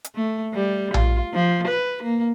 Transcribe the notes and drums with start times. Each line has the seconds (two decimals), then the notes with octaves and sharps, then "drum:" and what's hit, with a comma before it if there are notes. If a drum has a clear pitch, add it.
0.04 drum: hi-hat
0.16 A3
0.54 G3
0.94 F4, drum: tom A#1
1.33 F3
1.67 B4
2.03 A#3